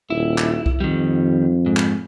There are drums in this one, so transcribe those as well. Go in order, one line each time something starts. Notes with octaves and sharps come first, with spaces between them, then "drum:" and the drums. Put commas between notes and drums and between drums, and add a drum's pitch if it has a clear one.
D#1 E4
drum: clap
drum: kick C2
F2 D#3 G3
G#2
drum: clap